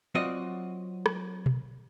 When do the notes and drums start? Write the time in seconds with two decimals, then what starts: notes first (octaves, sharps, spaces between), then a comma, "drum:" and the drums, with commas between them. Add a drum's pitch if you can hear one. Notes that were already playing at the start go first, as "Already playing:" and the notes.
0.15 F#3 C4 F4 F#4 D5 D#5
1.06 drum: rim click
1.46 drum: tom B2